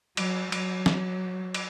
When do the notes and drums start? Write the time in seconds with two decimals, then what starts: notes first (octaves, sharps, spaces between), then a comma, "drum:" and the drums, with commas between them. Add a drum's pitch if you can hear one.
0.17 F#3, drum: cymbal
0.52 F#3, drum: cymbal
0.86 drum: snare
1.54 drum: cymbal